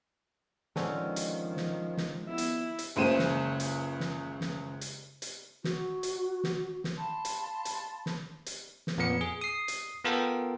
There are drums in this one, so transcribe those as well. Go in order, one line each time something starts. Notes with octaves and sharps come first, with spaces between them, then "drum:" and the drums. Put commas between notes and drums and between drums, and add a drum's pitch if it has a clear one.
D3 D#3 F3 G#3 C4 C#4, drum: snare
drum: hi-hat
drum: snare
drum: snare
B3 E4
drum: hi-hat
drum: hi-hat
F#1 C#2 C#3 C5 D#7 E7
drum: snare
drum: hi-hat
drum: snare
drum: snare
drum: hi-hat
drum: hi-hat
F#4, drum: snare
drum: hi-hat
drum: snare
drum: snare
F5 A5 B5 C6
drum: hi-hat
drum: hi-hat
drum: snare
drum: hi-hat
drum: snare
F2 A#2 B3 C#7
G#4
D#6 C7
drum: hi-hat
B3 F4 A4 A#4 G5